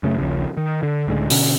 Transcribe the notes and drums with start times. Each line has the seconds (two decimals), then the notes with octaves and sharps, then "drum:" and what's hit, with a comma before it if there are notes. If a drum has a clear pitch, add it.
0.03 F#2 C#3 G#3 A3
0.17 D#1 A#1 C#3
0.57 D#3
0.83 D3
1.07 C#2 A2 D3 G#3
1.30 B2 D3 C#4, drum: open hi-hat